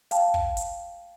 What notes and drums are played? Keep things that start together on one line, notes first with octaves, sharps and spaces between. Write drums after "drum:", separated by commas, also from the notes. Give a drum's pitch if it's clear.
F5 G5 A5, drum: hi-hat
drum: kick
drum: hi-hat